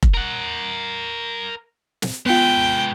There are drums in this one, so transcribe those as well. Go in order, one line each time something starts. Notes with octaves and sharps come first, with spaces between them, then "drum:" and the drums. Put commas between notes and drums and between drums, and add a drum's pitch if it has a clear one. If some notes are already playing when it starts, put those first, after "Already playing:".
drum: kick F1
A#4 F#5
drum: snare
G#3 B3 F4 B4 G5